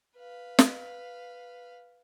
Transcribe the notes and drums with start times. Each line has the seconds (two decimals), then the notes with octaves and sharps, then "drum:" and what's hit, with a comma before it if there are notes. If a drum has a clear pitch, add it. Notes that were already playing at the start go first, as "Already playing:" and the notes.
0.17 B4 F5
0.59 drum: snare